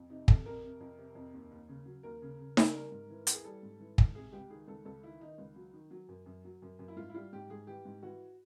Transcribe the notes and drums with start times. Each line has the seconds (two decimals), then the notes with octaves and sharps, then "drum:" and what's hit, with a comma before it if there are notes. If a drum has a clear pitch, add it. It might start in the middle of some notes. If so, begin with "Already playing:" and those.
Already playing: F2
0.09 C3 D#4
0.28 C3 A4, drum: kick
0.45 F2 A#4
0.63 C3
0.80 F2
0.98 C3
1.15 F2
1.34 D#2
1.51 D#2
1.69 C#3
1.86 F#3
2.03 D#2 A#4
2.22 C#3
2.39 C#3
2.57 C#3, drum: snare D#4
2.74 G3 A#4
2.92 G#2
3.10 E3
3.27 E3, drum: hi-hat
3.33 G#4
3.44 G3 A4
3.63 G#2
3.80 E3
3.98 G#2, drum: kick
4.15 C3 G#4
4.32 C#2 G4
4.50 D#3 G#4
4.67 C#2 A4
4.85 C#2 A4
5.03 D#3 E4
5.20 D#3 D#4
5.38 C#2
5.56 F#3
5.73 D#3
5.91 F#3
6.08 F#2
6.26 F#2
6.45 F#3
6.62 F#2
6.79 F#2
6.88 E4
6.96 G#2 F4
7.10 E4
7.14 G3 F4
7.33 G#2 G4
7.50 G#2 G#4
7.67 E3 G4
7.85 G#2
8.03 E3 F#4